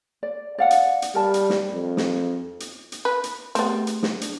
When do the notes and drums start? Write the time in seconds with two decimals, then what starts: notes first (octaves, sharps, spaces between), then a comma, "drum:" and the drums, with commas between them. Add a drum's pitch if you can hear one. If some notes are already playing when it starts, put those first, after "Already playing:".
0.23 D5
0.58 D5 F5 F#5
0.71 drum: hi-hat
1.02 drum: hi-hat
1.15 G3 A#4 A5
1.34 drum: hi-hat
1.50 drum: snare
1.73 F2
1.97 drum: snare
2.60 drum: hi-hat
2.92 drum: hi-hat
3.05 B4
3.24 drum: hi-hat
3.55 A3 B3 C4 G4 G#4, drum: hi-hat
3.87 drum: hi-hat
4.03 drum: snare
4.21 D4, drum: hi-hat